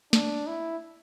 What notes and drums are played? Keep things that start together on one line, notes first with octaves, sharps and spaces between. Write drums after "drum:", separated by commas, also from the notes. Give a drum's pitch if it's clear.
D4, drum: snare
E4